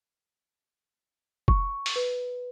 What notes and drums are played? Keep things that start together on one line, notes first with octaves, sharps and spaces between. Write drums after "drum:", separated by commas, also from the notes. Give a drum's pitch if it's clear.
C#6, drum: kick F1
drum: open hi-hat
B4